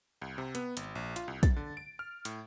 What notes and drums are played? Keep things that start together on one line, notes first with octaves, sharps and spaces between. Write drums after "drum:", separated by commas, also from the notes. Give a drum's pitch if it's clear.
C2
C3
B3, drum: hi-hat
G#1, drum: hi-hat
A#1
F4, drum: hi-hat
C2
A6, drum: kick, hi-hat
D3
D7
F6
A2, drum: hi-hat